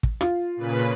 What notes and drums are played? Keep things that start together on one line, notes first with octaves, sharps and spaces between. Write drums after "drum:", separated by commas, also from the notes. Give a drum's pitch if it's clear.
drum: kick
F4, drum: rim click
A#2 C#3 B4